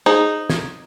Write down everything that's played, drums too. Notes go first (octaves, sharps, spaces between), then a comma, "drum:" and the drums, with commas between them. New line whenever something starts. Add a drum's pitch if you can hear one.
D#4 G#4 C5 A#5
G#6, drum: snare